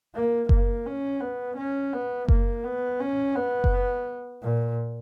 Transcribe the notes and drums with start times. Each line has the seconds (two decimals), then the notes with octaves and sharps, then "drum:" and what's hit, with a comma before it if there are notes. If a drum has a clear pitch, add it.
0.15 A#3
0.49 A#3, drum: kick F#1
0.86 C#4
1.21 B3
1.56 C#4
1.93 B3
2.28 A#3, drum: kick F#1
2.64 B3
3.00 C#4
3.35 B3
3.64 drum: kick F#1
4.42 A#2